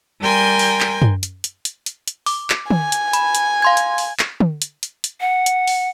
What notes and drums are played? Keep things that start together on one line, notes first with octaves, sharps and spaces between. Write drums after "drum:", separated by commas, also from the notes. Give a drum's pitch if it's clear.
G3 A#4 G5 G#5 C6
drum: open hi-hat
drum: clap
drum: tom
drum: hi-hat
drum: hi-hat
drum: hi-hat
drum: hi-hat
drum: hi-hat
D6, drum: open hi-hat
drum: clap
G#5, drum: tom
drum: hi-hat
B5, drum: hi-hat
drum: hi-hat
F5 C6 G#6
drum: hi-hat
drum: open hi-hat
drum: clap
drum: tom
drum: hi-hat
drum: hi-hat
drum: hi-hat
F#5
drum: hi-hat
drum: open hi-hat